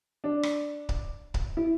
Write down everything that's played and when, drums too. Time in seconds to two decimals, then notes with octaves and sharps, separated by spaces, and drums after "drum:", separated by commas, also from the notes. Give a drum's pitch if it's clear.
0.24 D4
0.43 drum: rim click
0.89 drum: kick C#1
1.34 drum: kick C#1
1.57 E4